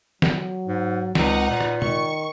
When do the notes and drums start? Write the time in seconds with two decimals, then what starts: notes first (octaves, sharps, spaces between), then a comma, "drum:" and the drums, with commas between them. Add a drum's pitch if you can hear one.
0.22 F#3, drum: snare
0.67 G#2
1.15 C#2 C4 D#4 F#5, drum: snare
1.50 A#2 B4
1.61 drum: rim click
1.82 D#3 C#6, drum: tom